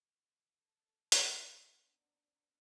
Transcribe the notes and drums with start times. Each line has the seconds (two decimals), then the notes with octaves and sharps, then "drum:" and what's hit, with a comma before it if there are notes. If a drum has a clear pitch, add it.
0.57 A4
1.12 drum: hi-hat
1.27 B3 C4 D4 D#4